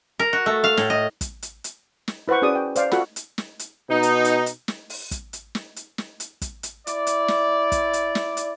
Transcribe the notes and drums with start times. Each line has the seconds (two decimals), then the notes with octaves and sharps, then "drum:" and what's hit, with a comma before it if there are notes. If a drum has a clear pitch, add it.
0.19 A#4
0.33 F#4
0.46 A3
0.64 F5
0.77 A2, drum: snare
0.90 D#5
1.21 drum: kick, hi-hat
1.42 drum: hi-hat
1.64 drum: hi-hat
2.08 drum: snare
2.28 E4 B4 C5 F#5 C#6
2.42 C#4 F#4 G#4 B4 D5 D#6
2.55 G5
2.76 C5 D5 F5, drum: hi-hat
2.91 F4 F#4 A4 F#5 B5, drum: snare
3.16 drum: hi-hat
3.38 drum: snare
3.59 drum: hi-hat
3.90 B2 D#4
4.03 drum: hi-hat
4.25 drum: hi-hat
4.46 drum: hi-hat
4.68 drum: snare
4.90 drum: open hi-hat
5.11 drum: kick, hi-hat
5.33 drum: hi-hat
5.55 drum: snare
5.76 drum: hi-hat
5.98 drum: snare
6.20 drum: hi-hat
6.42 drum: kick, hi-hat
6.63 drum: hi-hat
6.87 E4 D5, drum: hi-hat
7.07 drum: hi-hat
7.28 drum: snare
7.72 drum: kick, hi-hat
7.93 drum: hi-hat
8.15 drum: snare
8.37 drum: hi-hat